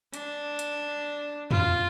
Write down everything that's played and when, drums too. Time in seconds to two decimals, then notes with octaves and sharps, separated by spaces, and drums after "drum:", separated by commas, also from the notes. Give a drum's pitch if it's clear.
0.14 D4, drum: hi-hat
0.59 drum: hi-hat
1.51 F4, drum: tom